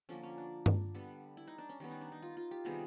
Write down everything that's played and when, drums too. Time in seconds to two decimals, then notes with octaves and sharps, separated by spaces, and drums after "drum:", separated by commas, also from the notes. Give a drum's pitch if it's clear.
0.09 D3 F3 A#3 C#4
0.23 C#4
0.38 D4
0.66 drum: tom G2
0.94 D3 G3 B3
1.37 E4
1.47 D#4
1.58 D4
1.69 C#4
1.80 D#3 G3 B3 C#4
1.91 D#4
2.02 D4
2.12 D#4
2.22 F4
2.37 F4
2.51 G4
2.65 C3 D#3 G3 B3 G#4